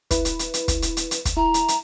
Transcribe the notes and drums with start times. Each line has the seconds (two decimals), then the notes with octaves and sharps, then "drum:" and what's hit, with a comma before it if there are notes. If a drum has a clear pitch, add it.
0.11 E4 B4, drum: kick, hi-hat
0.25 drum: hi-hat
0.39 drum: hi-hat
0.54 drum: hi-hat
0.68 drum: kick, hi-hat
0.82 drum: hi-hat
0.97 drum: hi-hat
1.11 drum: hi-hat
1.25 drum: kick, hi-hat
1.37 E4 A#5
1.54 drum: hi-hat
1.68 drum: hi-hat